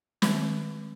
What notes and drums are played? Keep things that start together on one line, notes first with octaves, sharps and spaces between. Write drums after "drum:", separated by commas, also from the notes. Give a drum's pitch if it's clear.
D#3 G#3 C4, drum: snare